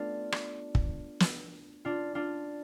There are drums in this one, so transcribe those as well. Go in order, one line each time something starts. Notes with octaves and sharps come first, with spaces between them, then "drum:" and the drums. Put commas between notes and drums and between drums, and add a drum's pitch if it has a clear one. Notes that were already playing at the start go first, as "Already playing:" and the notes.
Already playing: A3 B3 D4 F4
drum: rim click
drum: kick
drum: snare
D4 F4
D4 F4